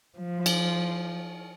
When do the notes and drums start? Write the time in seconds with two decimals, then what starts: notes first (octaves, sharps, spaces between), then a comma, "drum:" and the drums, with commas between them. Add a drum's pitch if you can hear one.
0.18 F3
0.46 drum: cymbal